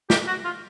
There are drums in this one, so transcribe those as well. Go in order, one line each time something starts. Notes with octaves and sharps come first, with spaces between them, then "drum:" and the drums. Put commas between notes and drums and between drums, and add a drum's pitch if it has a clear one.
G4, drum: snare
F#4
F4